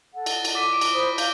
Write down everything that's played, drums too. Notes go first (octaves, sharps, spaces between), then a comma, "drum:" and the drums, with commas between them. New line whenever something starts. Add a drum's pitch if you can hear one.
A4 F#5
drum: cymbal
drum: cymbal
D6 B6 D#7
D6 D7
drum: cymbal
C5 B5 D#6
F5 G6 D7, drum: cymbal